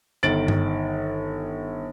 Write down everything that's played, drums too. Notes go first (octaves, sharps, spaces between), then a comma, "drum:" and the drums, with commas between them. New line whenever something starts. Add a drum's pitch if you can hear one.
G1 D#3 A6 D7 F#7
drum: tom G2